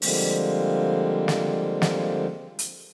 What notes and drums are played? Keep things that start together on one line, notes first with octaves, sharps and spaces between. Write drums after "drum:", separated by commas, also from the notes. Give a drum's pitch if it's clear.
D3 F3 G3 G#3 A#3 C4, drum: open hi-hat
drum: snare
drum: snare
drum: hi-hat